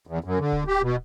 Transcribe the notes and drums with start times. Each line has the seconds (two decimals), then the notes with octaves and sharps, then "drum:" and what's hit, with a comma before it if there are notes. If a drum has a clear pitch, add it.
0.07 E2
0.24 F#2
0.39 D3
0.52 drum: kick D1
0.67 G4
0.82 B2